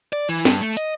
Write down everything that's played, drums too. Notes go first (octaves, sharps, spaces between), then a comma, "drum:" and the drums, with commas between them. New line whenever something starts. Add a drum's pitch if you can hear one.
D5
E3
G2, drum: snare
A3
D#5, drum: hi-hat